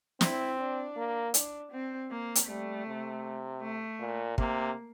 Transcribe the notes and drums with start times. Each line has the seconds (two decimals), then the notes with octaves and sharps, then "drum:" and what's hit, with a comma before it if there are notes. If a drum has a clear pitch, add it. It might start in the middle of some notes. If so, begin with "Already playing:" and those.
0.21 C4 E4, drum: snare
0.59 D4
0.97 A#3
1.34 D4, drum: hi-hat
1.72 C4
2.11 A#3
2.35 drum: hi-hat
2.48 G3 A3
2.86 C3
3.62 A3
4.00 A#2
4.38 C3 A#3, drum: kick